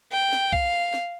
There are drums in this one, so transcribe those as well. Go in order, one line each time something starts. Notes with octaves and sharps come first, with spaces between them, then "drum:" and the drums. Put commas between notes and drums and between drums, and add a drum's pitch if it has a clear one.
G5
drum: snare
F5, drum: kick
drum: snare